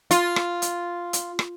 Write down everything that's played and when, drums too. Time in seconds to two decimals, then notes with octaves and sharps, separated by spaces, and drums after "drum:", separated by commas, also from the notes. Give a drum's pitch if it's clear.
0.11 F4, drum: hi-hat
0.36 drum: rim click
0.62 drum: hi-hat
1.13 drum: hi-hat
1.39 drum: rim click